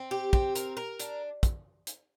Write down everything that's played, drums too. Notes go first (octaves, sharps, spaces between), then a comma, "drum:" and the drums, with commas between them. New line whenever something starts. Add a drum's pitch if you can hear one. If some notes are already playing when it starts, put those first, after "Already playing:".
Already playing: C4
G4
C4, drum: kick
A#4, drum: hi-hat
A#4
D4, drum: hi-hat
drum: kick, hi-hat
drum: hi-hat